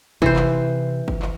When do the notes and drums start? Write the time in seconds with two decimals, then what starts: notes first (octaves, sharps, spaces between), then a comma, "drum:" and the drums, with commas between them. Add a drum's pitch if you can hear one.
0.22 C3 E3 C5, drum: kick
0.36 drum: clap
1.08 drum: kick
1.22 drum: clap